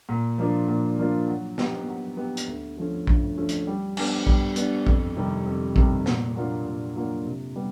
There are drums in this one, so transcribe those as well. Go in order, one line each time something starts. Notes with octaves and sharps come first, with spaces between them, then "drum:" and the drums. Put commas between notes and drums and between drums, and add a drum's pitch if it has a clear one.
A#2
F3 A#3 D4 F4
A#2
F3 A#3 D4 F4
F#3
B3 D#4 G4, drum: snare
F#3
B3 D#4 G4
drum: hi-hat
D2
D3 F3 A3 C#4
D2, drum: kick A#1
D3 F3 A3 C#4
drum: hi-hat
G3
B3 D4, drum: cymbal
G3, drum: kick A#1
B3 D4, drum: hi-hat
F2, drum: kick A#1
C3 D#3 G3
F2
C3 D#3 G3, drum: kick A#1
A#2, drum: snare
F#3 A#3 D4 F4
A#2
F#3 A#3 D4 F4
C3
G3 B3